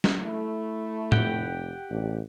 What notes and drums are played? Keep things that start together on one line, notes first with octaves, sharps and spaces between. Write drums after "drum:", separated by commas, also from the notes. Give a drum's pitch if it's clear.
drum: snare
A3 E4
F1 G4 F#5 G5, drum: tom
A1 D4